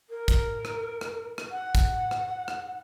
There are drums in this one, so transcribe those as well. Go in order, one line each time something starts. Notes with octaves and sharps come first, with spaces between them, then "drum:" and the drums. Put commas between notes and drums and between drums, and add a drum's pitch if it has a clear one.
A#4
drum: kick, hi-hat
drum: rim click
drum: rim click
drum: rim click
F#5
drum: kick, hi-hat
drum: rim click
drum: rim click